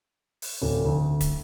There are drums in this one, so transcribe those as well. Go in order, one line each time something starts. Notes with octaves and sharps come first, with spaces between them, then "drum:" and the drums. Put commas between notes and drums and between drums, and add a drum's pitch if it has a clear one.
drum: open hi-hat
D1
D2
drum: kick, hi-hat